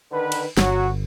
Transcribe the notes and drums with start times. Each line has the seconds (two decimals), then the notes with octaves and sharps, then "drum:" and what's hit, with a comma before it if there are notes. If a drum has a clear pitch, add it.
0.12 D3 D#3 B4
0.32 drum: cymbal
0.57 G1 F#3 F#4, drum: snare